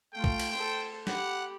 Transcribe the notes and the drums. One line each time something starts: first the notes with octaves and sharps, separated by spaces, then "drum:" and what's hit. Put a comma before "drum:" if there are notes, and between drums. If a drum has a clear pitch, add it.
A3 F4 G5
drum: kick B1
drum: cymbal
A4 C5
G4 F#5 B5, drum: snare